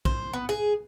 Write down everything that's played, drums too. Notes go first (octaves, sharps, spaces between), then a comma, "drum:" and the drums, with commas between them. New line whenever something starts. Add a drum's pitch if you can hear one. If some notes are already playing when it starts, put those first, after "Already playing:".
C5, drum: kick A#1
B3
G#4